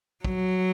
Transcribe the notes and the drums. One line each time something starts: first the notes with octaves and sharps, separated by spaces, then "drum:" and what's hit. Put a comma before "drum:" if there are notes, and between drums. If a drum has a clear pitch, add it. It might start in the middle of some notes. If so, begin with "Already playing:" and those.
F#3, drum: kick